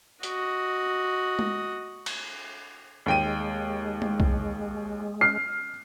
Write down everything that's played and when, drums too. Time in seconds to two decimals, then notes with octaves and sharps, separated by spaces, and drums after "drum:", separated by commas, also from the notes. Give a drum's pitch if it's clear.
0.23 F#4 D#5, drum: hi-hat
1.39 drum: tom G#3
2.06 drum: cymbal
3.06 D#2 G#3 G5 D#7
4.02 drum: tom G#3
4.20 drum: kick
5.21 F6 C7